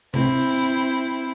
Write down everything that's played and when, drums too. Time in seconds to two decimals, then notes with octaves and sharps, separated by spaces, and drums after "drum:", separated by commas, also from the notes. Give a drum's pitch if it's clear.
0.14 C4 E4, drum: tom C3